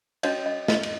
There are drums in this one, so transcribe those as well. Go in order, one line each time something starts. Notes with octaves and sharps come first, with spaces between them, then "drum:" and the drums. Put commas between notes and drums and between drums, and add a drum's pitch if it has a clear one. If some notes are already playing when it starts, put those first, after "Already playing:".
C#4 F#4 C#5 D#5, drum: cymbal
D#5
D#5, drum: snare
drum: cymbal